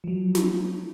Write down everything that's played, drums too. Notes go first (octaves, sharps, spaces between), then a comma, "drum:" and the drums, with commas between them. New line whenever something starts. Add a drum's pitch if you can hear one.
F3 F#3
drum: snare